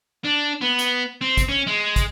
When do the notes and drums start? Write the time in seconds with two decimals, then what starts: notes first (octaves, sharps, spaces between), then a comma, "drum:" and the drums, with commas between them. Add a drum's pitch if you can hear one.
0.24 D4
0.62 B3
0.79 drum: hi-hat
1.21 C4
1.37 drum: kick, hi-hat
1.48 C#4
1.67 G#3
1.96 drum: kick, hi-hat